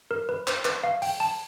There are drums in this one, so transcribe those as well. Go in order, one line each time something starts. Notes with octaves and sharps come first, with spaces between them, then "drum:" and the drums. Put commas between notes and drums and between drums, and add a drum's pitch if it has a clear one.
A#4
B4
C5, drum: clap
B4, drum: clap
F5
G5, drum: open hi-hat
A5